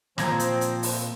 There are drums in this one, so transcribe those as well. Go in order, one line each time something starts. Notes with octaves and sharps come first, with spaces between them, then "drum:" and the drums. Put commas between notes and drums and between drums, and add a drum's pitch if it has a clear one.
A#2 F3 C4 A#5 G#6 A#6, drum: snare
drum: hi-hat
drum: hi-hat
drum: open hi-hat